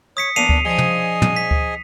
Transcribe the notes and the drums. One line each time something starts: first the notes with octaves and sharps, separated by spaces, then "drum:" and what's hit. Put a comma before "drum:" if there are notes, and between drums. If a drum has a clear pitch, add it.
C#5 D#6 B6 C#7
E2 A#3 D4 C7 D#7 F7
drum: kick D2
F3 D4 G#4 D#5 G#5
drum: tom
drum: tom
B6
drum: kick D2